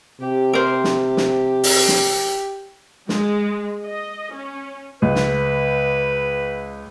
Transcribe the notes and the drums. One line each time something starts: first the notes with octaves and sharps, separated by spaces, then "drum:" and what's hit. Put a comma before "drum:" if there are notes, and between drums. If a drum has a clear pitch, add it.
C3 G4
A#4 C5
drum: snare
drum: snare
drum: open hi-hat
drum: snare
G#3, drum: snare
D#5
C#4
C#2 B4
drum: snare